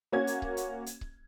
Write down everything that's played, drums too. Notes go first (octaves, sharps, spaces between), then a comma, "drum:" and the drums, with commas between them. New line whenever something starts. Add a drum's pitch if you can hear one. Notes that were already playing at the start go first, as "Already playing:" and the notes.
A#3 C#4 F#4 G#6
drum: hi-hat
drum: kick C#1
drum: hi-hat
drum: hi-hat
drum: kick C#1